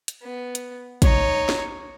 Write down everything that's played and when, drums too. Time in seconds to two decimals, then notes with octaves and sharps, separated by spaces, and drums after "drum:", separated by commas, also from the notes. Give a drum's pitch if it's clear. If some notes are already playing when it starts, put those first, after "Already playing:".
0.08 drum: hi-hat
0.22 B3
0.55 drum: hi-hat
1.02 D#4 C#5, drum: kick, hi-hat
1.49 drum: snare